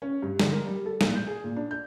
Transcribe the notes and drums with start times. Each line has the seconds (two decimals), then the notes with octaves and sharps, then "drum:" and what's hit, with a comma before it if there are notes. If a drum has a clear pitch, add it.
0.02 C#4
0.22 G2
0.39 D3, drum: snare
0.52 A#4
0.66 G3
0.86 A4
1.01 A#2, drum: snare
1.16 G6
1.27 G#4
1.44 A#2
1.56 D4
1.71 G6